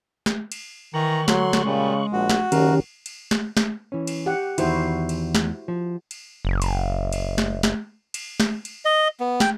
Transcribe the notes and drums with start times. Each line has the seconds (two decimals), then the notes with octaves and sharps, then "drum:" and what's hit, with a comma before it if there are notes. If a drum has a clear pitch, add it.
0.26 drum: snare
0.52 drum: cymbal
0.94 D#3 E3 A#5 C#6 F#6
1.28 D3 F#3 C6, drum: snare
1.53 drum: snare
1.65 A#2 C#3 G3 G#3
2.12 A#1 F#4
2.30 drum: snare
2.52 F#1 D#3 C#4 G4 A#4, drum: cymbal
3.06 drum: cymbal
3.31 drum: snare
3.57 drum: snare
3.92 E3 C#4
4.07 drum: cymbal
4.26 G4 F#5
4.58 E2 G2 D#3 E4 F#4 C5, drum: cymbal
5.09 drum: cymbal
5.35 drum: snare
5.68 F3
6.11 drum: cymbal
6.45 F#1
6.62 drum: cymbal
7.13 drum: cymbal
7.38 drum: snare
7.63 drum: snare
8.14 drum: cymbal
8.40 drum: snare
8.65 drum: cymbal
8.85 D#5
9.20 B3
9.40 G5, drum: snare